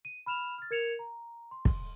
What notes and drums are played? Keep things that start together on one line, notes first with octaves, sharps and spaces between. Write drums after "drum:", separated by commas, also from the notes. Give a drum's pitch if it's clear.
D#7
B5 F6 E7 F7
F6 A6
A#4 G#6 C#7 E7 F7
A#5
C6
drum: kick